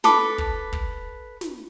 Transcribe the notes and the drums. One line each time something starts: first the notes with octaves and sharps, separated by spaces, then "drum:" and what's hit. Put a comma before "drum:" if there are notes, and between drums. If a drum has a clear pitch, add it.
A4 B4 D6, drum: snare
drum: kick
drum: kick
drum: snare